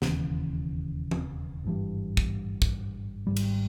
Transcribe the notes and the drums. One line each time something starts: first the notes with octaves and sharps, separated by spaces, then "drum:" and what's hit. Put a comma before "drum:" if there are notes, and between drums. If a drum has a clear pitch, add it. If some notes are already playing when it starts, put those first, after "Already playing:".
E1 D#2 C#3 E3, drum: snare
drum: tom E3
G#1 G2 E3 G3
drum: kick
drum: kick
G#1 G#2 G3
drum: cymbal